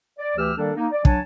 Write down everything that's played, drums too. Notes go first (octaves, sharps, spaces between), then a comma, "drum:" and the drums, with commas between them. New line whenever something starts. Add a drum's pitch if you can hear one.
D5
D2 E3 G4 E6 F6
D#3 G3 A#3 D4 A4
A#3 D#4
D5
F#3 D4 C#5 G#5 A5, drum: kick